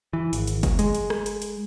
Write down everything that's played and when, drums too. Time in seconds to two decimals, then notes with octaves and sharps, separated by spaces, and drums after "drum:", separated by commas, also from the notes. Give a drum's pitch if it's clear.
0.13 E3
0.33 G#1, drum: hi-hat
0.47 drum: hi-hat
0.63 drum: kick, hi-hat
0.79 G#3, drum: hi-hat
0.95 drum: hi-hat
1.10 drum: rim click
1.26 drum: hi-hat
1.42 drum: hi-hat